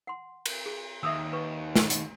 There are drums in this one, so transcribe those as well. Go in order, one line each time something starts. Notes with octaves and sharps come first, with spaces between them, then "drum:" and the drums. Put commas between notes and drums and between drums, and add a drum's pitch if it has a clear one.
F#5 C6
drum: cymbal
G#4
D#2 E5 D#6 E6
B4 C#6
drum: snare
drum: hi-hat